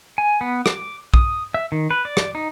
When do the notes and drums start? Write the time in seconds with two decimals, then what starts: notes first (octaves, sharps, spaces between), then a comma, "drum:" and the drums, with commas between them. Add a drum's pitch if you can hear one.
0.18 G#5
0.41 B3
0.66 D6, drum: rim click
1.14 D#6, drum: kick
1.54 E5
1.72 D#3
1.91 B4
2.05 D5
2.17 drum: rim click
2.35 D#4